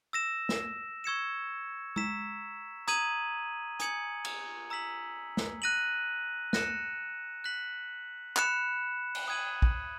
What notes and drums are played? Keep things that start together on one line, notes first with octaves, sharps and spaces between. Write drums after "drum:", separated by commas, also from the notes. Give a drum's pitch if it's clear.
E6 A#6 E7
drum: snare
C#6 E6 G#6 C#7 E7
A#5 E6 B6 E7, drum: tom G#3
A#5 D#6 G#6 D#7 F#7, drum: hi-hat
G#5 D#6 G#6 C#7 F#7, drum: hi-hat
drum: cymbal
A#5 E6 B6 F#7
drum: snare
F#6 A#6 D#7 F#7
F#6 A#6 C#7 E7, drum: snare
F#6 B6 F#7
B5 F#6 C#7 E7, drum: clap
drum: cymbal
D#6 G#6 D#7 F#7
drum: kick